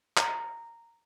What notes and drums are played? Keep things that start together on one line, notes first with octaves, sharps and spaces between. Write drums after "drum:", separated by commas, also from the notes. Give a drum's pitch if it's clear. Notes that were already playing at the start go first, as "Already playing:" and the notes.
A#5, drum: clap